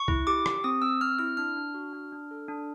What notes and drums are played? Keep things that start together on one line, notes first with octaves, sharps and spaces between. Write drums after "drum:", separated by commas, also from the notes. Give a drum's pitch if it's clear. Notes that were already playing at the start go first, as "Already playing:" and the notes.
Already playing: C#6
E4, drum: kick C2
G4 D6
G4, drum: rim click
C4 D#6
C4 E6
C4 F6
E4 F6
D4 F6
D4
F#4
D4
D4
A4
D4